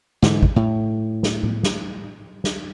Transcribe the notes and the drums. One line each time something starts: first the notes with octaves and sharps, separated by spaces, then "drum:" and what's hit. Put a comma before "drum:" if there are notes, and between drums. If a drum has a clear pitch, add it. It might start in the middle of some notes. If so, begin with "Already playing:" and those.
G#2 D3 E3, drum: snare
drum: kick
A2
drum: snare
drum: tom A2
drum: snare
drum: snare